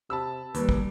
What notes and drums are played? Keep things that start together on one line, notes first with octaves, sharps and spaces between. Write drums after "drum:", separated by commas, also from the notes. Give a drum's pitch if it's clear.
C3 A5 B5 E6
D#2 G3 B4, drum: hi-hat
drum: kick